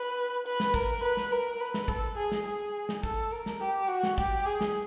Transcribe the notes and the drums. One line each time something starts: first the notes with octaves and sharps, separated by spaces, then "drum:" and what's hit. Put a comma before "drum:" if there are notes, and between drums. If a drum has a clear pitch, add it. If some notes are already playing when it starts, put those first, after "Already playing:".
Already playing: B4
B4
drum: snare
A#4, drum: kick
B4
drum: snare
A#4
B4
drum: snare
A4, drum: kick
G#4
drum: snare
G#4
drum: snare
A4, drum: kick
A#4
drum: snare
G4
F#4
drum: snare
G4, drum: kick
G#4
drum: snare